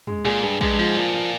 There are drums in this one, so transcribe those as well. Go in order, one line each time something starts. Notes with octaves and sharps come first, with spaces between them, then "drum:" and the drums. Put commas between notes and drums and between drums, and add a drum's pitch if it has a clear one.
G#3, drum: tom
A#2 G#4
G2 G#4
G2 G#3, drum: kick A#1
G#2 F3
A#2 F3
F3